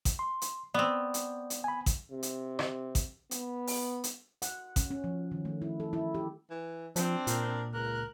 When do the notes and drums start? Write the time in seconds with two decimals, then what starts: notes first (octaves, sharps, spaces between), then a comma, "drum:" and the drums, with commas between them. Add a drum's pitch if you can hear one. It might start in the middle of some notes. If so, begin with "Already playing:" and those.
0.05 drum: kick A1, hi-hat
0.19 C6
0.42 drum: hi-hat
0.74 B3 C4 D5
1.14 drum: hi-hat
1.50 drum: hi-hat
1.64 G#5 B5
1.86 drum: kick A1, hi-hat
2.11 C3
2.23 drum: hi-hat
2.59 drum: rim click
2.95 drum: kick A1, hi-hat
3.31 B3, drum: hi-hat
3.67 drum: open hi-hat
4.04 drum: hi-hat
4.42 F#5, drum: hi-hat
4.76 C#4, drum: kick A1, hi-hat
4.90 C#4
5.04 F3
5.32 D#3
5.45 A3
5.62 E4
5.80 A4
5.93 E4
6.15 G4
6.50 E3
6.96 F3 C4 D4, drum: hi-hat
7.27 A#2 A#4, drum: hi-hat
7.74 C#2 A#4 F#6